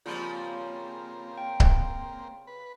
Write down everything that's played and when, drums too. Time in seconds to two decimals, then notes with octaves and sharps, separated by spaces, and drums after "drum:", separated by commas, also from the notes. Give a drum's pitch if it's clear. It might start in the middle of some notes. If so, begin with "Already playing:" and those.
0.06 C#3 F3 G3 A#3 C4 F4
1.38 G5
1.60 drum: kick C#1
2.47 B4